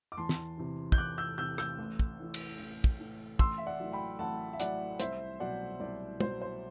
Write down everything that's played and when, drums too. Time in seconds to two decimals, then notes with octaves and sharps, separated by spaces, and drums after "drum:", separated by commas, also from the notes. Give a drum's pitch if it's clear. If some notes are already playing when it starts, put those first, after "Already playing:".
0.12 D6
0.17 E2 A5 C6
0.29 drum: snare
0.58 C3 E3
0.92 G6, drum: kick
0.98 E2 D6 F#6
1.18 E6 G6
1.38 C3 E3 E6 G6
1.58 E6 G6, drum: rim click
1.78 A1
1.99 drum: kick
2.19 A2 E3
2.34 drum: cymbal
2.59 A1
2.84 drum: kick
2.99 A2 E3
3.39 A1 C6 E6, drum: kick
3.58 E5
3.66 D5 F#5
3.80 A2 F#3
3.92 G5 B5
4.19 A1 F#5 A5
4.53 E5
4.60 A2 F#3 D5 F#5, drum: hi-hat
4.99 C2 C5 E5, drum: hi-hat
5.40 B2 F#3 D5 F#5
5.80 C2 D5
6.20 B2 F#3 C5, drum: tom
6.42 C5